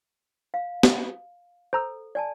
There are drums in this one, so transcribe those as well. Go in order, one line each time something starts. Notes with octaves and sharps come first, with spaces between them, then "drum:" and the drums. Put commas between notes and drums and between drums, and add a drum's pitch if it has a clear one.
F5
drum: snare
A4 C5 A#5 E6
D5 G#5 A5